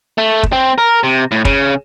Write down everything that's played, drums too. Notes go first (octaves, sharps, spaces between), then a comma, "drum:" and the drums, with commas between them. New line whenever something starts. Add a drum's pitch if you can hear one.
A3
drum: kick
C4
A#4
C3
A2
C#3, drum: kick